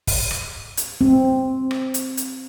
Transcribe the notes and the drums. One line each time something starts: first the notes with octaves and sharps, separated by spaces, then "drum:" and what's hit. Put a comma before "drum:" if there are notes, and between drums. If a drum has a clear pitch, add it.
drum: kick, open hi-hat
drum: rim click
drum: hi-hat
C4
drum: rim click
drum: hi-hat
drum: hi-hat